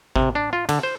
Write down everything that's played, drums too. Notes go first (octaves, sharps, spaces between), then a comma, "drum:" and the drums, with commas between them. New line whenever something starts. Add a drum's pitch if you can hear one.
C3, drum: kick G#1
D4
F4
D3, drum: cymbal
C5